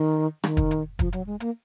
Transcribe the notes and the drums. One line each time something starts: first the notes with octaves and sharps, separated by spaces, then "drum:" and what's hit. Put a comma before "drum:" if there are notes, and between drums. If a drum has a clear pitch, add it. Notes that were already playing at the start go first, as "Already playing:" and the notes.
Already playing: D#3
D#3, drum: rim click
drum: kick, hi-hat
drum: hi-hat
F3, drum: kick, hi-hat
F#3, drum: hi-hat
G#3
A#3, drum: hi-hat